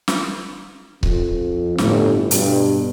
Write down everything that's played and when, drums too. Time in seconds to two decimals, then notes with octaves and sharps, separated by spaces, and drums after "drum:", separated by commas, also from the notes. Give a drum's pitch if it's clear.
0.08 drum: snare
1.03 F2, drum: kick C#1
1.78 G1 A2, drum: snare
2.31 G2 B2, drum: hi-hat